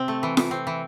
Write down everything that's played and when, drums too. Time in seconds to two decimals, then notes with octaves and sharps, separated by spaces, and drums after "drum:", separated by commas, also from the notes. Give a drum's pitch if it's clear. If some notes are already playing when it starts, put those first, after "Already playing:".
Already playing: C3 C4
0.08 A3
0.23 E3
0.37 E3, drum: snare F4
0.51 C4
0.67 E3